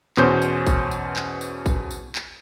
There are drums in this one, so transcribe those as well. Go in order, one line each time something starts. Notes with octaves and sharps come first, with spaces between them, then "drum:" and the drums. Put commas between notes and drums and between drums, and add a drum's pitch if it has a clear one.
E2 B2 C#4 C5 G6, drum: clap
drum: tambourine
drum: kick, tambourine
drum: tambourine
drum: clap
drum: tambourine
drum: kick, tambourine
drum: tambourine
drum: clap